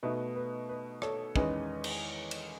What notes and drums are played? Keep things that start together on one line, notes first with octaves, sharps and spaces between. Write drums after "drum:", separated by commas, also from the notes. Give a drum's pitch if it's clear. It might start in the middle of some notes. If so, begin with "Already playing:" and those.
B2 A3 D#4 B4
B4
B4
A4 C#5, drum: rim click
E2 D#3 G#3 C#4 B4 D#5, drum: kick
drum: cymbal
drum: cymbal